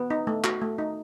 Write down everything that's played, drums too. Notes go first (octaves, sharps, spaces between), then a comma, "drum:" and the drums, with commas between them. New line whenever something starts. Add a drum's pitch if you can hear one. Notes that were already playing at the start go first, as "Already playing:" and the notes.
Already playing: B3
D#4
A3
F#4, drum: clap
A3
D#4